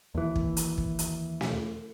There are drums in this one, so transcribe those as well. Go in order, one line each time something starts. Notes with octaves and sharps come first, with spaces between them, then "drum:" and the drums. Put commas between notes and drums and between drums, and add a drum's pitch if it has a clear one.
D#2 E3
drum: kick
drum: hi-hat
drum: kick
drum: hi-hat
drum: snare